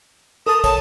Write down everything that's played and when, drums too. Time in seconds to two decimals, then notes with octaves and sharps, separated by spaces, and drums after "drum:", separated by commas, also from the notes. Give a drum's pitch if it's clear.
0.46 A4 A#4 A5 D#6
0.64 C#5 A5, drum: kick, tambourine